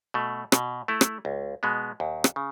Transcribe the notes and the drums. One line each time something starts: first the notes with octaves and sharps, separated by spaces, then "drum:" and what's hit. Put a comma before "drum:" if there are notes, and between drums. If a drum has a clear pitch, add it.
B2 A3
B2, drum: rim click
A3 E4
drum: rim click
C#2
B2 G#3 B3
D#2
drum: rim click
C#3